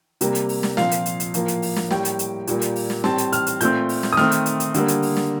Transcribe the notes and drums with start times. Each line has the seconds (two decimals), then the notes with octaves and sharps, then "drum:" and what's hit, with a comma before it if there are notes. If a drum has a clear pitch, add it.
0.21 C3 G3 A#3, drum: hi-hat
0.35 drum: hi-hat
0.49 drum: open hi-hat
0.63 drum: snare
0.77 A#2 F3 C4 F5, drum: snare
0.91 drum: hi-hat
1.06 drum: hi-hat
1.20 drum: hi-hat
1.34 A2 F3 A#3, drum: hi-hat
1.48 drum: hi-hat
1.62 drum: open hi-hat
1.76 drum: snare
1.91 A2 G3 A#3 G5, drum: snare
2.05 drum: hi-hat
2.19 drum: hi-hat
2.47 A#2 G3 A#3, drum: hi-hat
2.61 drum: hi-hat
2.76 drum: open hi-hat
2.90 drum: snare
3.04 A2 G3 C4 A5, drum: snare
3.18 drum: hi-hat
3.32 F6, drum: hi-hat
3.47 drum: hi-hat
3.61 A#2 A3 C4 G6, drum: hi-hat
3.89 drum: open hi-hat
4.03 drum: snare
4.13 D#6
4.17 D#3 A3 C4 F6, drum: snare
4.32 drum: hi-hat
4.46 drum: hi-hat
4.60 drum: hi-hat
4.74 D3 G3 A#3, drum: hi-hat
4.88 drum: hi-hat
5.02 drum: open hi-hat
5.17 drum: snare